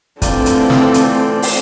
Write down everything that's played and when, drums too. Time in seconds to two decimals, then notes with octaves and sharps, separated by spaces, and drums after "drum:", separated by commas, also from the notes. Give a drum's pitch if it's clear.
0.22 D3 E3 A3 C4 F4 D5 G5, drum: kick, hi-hat
0.46 drum: hi-hat
0.70 drum: snare
0.94 drum: hi-hat
1.42 drum: open hi-hat